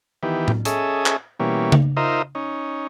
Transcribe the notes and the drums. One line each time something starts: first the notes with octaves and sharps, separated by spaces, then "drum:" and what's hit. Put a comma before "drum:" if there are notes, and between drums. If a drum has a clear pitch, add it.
D#3 E3 B3 G4
drum: tom A2
C#4 G#4 A4 D#5 E5, drum: hi-hat
drum: clap
B2 E3 G3 A#3 C#4
drum: tom C#3
D#4 F4 A#4 C5 D#5 E5
C#4 D#4